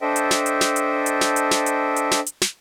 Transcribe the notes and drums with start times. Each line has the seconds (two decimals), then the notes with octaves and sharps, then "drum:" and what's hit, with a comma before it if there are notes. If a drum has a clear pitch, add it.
0.01 D4 A4 C5 D#5 E5 G5
0.16 drum: hi-hat
0.31 drum: snare
0.46 drum: hi-hat
0.61 drum: snare
0.76 drum: hi-hat
1.06 drum: hi-hat
1.21 drum: snare
1.36 drum: hi-hat
1.51 drum: snare
1.66 drum: hi-hat
1.96 drum: hi-hat
2.11 drum: snare
2.26 drum: hi-hat
2.42 drum: snare